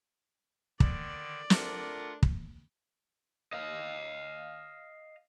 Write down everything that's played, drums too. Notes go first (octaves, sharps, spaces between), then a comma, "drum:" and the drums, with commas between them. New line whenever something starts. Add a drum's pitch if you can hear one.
D3 D#3 D5, drum: kick
A3 D4 F4 A#4 F#5, drum: snare
drum: kick
D#5 F5